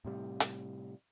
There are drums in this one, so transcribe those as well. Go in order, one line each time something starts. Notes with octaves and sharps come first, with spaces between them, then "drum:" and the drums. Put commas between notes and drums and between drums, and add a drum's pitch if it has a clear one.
A2 C3 G3
drum: hi-hat